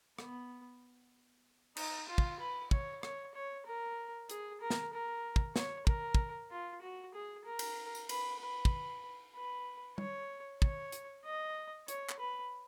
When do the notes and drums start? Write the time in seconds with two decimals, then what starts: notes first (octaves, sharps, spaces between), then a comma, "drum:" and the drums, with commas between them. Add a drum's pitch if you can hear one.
0.19 B3, drum: rim click
1.77 D#4, drum: cymbal
2.09 F4
2.18 drum: kick
2.40 B4
2.71 C#5, drum: kick
3.03 C#5, drum: rim click
3.34 C#5
3.67 A#4
4.30 G#4, drum: hi-hat
4.61 A#4
4.70 drum: snare
4.93 A#4
5.36 drum: kick
5.56 C#5, drum: snare
5.87 A#4, drum: kick
6.15 drum: kick
6.51 F4
6.82 F#4
7.14 G#4
7.45 A#4
7.59 drum: cymbal
7.95 drum: tambourine
8.09 B4, drum: cymbal
8.40 B4
8.65 drum: kick
9.35 B4
9.98 C#5, drum: tom
10.62 C#5, drum: kick
10.92 drum: hi-hat
11.25 D#5
11.88 C#5, drum: hi-hat
12.09 drum: clap
12.19 B4